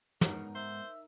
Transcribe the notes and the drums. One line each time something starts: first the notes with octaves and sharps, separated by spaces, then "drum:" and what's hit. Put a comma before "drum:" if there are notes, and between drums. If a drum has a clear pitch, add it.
G#2 C#3 B3 D#4 A#4, drum: snare
C5 E5